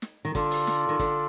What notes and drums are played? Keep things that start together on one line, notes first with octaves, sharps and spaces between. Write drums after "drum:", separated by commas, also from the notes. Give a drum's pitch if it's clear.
drum: snare
D#3
D3 F4 A4 D5, drum: kick, hi-hat
drum: open hi-hat
drum: snare
D#3
D3, drum: kick, hi-hat